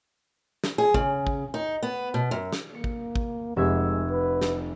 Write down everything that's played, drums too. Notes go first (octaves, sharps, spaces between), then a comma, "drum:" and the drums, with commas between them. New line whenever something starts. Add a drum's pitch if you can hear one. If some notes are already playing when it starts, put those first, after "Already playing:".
drum: snare
G#4
C#3, drum: kick
drum: kick
D#4
B3
B2
F#2
drum: snare
A#3 C#7
drum: kick
drum: kick
F1 G#3 E5 G#6
B4
drum: snare